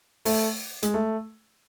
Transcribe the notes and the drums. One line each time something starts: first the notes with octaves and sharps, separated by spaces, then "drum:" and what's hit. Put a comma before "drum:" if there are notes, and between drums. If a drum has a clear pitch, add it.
A3, drum: open hi-hat
G#3, drum: hi-hat
A3